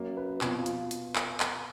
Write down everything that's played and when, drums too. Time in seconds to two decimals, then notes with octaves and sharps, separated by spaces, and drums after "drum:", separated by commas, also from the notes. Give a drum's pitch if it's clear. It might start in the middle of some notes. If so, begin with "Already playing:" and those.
Already playing: F#2 A#3
0.17 B4
0.41 F2 B2, drum: clap
0.58 F2
0.66 F4, drum: hi-hat
0.91 drum: hi-hat
1.16 drum: clap
1.40 drum: clap